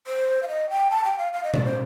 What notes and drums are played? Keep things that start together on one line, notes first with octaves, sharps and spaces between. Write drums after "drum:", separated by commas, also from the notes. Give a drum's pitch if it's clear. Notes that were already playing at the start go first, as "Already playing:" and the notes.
C5
F5
D#5
G5
A5
G5
F5
F5
D#5
D5, drum: tom B2
C5